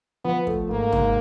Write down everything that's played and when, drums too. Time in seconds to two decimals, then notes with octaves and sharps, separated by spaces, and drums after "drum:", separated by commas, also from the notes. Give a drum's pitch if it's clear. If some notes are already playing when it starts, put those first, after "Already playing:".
0.25 F3 B3
0.47 A3, drum: kick
0.69 G#2 A#3
0.92 G#2, drum: tom